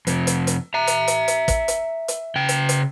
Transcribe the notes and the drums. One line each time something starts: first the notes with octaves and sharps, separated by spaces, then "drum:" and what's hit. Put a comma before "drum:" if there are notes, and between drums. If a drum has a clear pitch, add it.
F2 C3, drum: hi-hat
drum: hi-hat
drum: hi-hat
E5 A#5
drum: hi-hat
drum: hi-hat
drum: hi-hat
drum: kick, hi-hat
drum: hi-hat
drum: hi-hat
C#3 G5
drum: hi-hat
drum: hi-hat